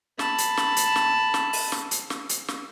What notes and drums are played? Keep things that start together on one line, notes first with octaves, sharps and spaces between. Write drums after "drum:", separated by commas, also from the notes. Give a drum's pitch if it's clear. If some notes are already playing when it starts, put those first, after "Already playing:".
A5 B5, drum: snare
drum: hi-hat
drum: snare
drum: hi-hat
drum: snare
drum: snare
drum: open hi-hat
drum: snare
drum: hi-hat
drum: snare
drum: hi-hat
drum: snare